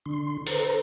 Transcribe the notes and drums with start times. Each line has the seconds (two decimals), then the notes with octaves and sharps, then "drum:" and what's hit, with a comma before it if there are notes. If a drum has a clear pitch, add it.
0.06 D3 D4 C6
0.46 A4 B4 C5 A#5, drum: open hi-hat